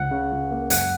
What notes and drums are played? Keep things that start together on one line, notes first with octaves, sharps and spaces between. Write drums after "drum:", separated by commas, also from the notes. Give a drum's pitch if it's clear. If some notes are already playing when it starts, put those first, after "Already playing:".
Already playing: C#2 F#5
C#3
C#2
A#3
F#2 F#5, drum: hi-hat